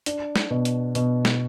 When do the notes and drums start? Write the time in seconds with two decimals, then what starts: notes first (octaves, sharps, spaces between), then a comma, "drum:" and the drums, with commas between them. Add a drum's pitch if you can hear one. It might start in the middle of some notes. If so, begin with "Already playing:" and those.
0.06 D4, drum: hi-hat
0.36 drum: snare
0.50 B2
0.65 drum: hi-hat
0.95 B2, drum: hi-hat
1.25 drum: snare